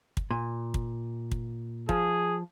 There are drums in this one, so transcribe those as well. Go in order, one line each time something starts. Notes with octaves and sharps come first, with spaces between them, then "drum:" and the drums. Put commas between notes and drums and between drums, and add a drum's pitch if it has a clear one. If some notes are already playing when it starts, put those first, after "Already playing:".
drum: kick
A#2
drum: kick
drum: kick
F3 G#4, drum: kick